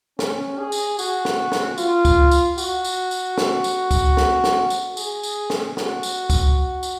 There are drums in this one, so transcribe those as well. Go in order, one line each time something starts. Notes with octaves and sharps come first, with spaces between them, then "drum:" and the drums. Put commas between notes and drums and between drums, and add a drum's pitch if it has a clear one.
C#4, drum: snare
G#4
drum: tambourine
F#4, drum: tambourine
drum: snare
drum: snare
F4, drum: tambourine
drum: kick C#2, tambourine
drum: tambourine
F#4, drum: tambourine
drum: tambourine
drum: tambourine
drum: snare
drum: tambourine
drum: kick C#2, tambourine
drum: snare
drum: snare
drum: tambourine
G#4, drum: tambourine
drum: tambourine
drum: snare
F#4, drum: snare
drum: tambourine
drum: kick C#2, tambourine
drum: tambourine